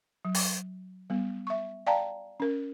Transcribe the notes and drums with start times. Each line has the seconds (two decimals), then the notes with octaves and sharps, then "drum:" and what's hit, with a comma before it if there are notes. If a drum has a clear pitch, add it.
0.25 F#3
0.35 drum: open hi-hat
1.10 G3 B3
1.47 E5 C#6
1.87 D5 F5 G5 A5 A#5
2.40 C#4 A#4